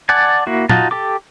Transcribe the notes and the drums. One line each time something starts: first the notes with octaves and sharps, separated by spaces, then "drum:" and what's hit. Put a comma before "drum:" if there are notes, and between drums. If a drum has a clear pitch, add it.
D5 F#5 G#5 A5
A#3 E4 F#4
D#4 F4 F#4 A5, drum: tom A#2
G4 A4 D6